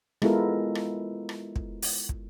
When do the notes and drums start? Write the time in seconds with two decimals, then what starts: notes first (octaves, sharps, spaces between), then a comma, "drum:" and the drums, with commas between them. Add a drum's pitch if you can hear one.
0.22 G#3 B3 E4 F4 A4 A#4, drum: rim click
0.75 drum: rim click
1.29 drum: rim click
1.56 drum: kick
1.82 drum: open hi-hat
2.09 drum: kick